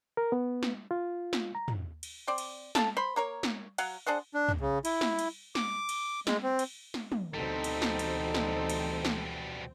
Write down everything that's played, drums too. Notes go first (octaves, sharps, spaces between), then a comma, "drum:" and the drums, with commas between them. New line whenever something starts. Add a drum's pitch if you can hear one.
A#4
B3
drum: snare
F4
drum: snare
A#5
drum: tom
drum: cymbal
C4 C5 D5
drum: cymbal
A4 F5 A5, drum: snare
C5 B5 C6
A#3 A#4 C#5
drum: snare
F#3 F5 F#5, drum: cymbal
D4 G#4 C5 F#5
D4
drum: tom
C#3
E4, drum: cymbal
drum: snare
drum: cymbal
D6, drum: snare
drum: cymbal
G#3, drum: snare
C4
drum: cymbal
drum: snare
drum: tom
D2 B2 E3 G3 C4 D#4 A4
drum: cymbal
drum: snare
drum: cymbal
drum: snare
drum: cymbal
drum: snare